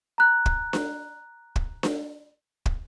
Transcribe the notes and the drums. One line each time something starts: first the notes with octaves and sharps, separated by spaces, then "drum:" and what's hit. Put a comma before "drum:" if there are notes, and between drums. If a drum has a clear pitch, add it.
A#5 F#6
drum: kick
drum: snare D4
drum: kick
drum: snare D4
drum: kick